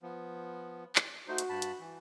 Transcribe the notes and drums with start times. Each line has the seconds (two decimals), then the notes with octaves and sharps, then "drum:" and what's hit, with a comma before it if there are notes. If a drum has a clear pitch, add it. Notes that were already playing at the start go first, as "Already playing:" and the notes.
0.03 F3 B3
0.96 drum: clap
1.28 A3 D#4 F#4 C5
1.38 drum: hi-hat
1.49 G2 A5 B5
1.62 drum: hi-hat
1.79 E3